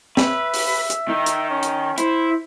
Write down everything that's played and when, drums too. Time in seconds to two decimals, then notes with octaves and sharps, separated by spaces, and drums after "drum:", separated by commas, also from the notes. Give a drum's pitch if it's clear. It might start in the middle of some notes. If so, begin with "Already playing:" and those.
0.17 B4 E5, drum: snare
0.54 drum: open hi-hat
0.90 drum: hi-hat
1.08 D#3 D#4
1.26 drum: hi-hat
1.50 C#4
1.63 drum: hi-hat
1.98 E4 C5, drum: hi-hat